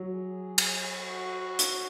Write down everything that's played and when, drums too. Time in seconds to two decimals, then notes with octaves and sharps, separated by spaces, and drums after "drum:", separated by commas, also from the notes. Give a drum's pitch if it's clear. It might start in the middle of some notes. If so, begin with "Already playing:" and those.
Already playing: F#3
0.14 G#4
0.58 drum: cymbal
0.96 F#4
1.59 drum: hi-hat